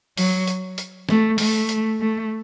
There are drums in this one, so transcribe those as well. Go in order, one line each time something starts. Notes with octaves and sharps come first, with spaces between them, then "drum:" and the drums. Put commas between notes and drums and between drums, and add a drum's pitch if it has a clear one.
F#3, drum: open hi-hat
drum: hi-hat
drum: hi-hat
A3, drum: snare
A3, drum: open hi-hat
drum: hi-hat
A3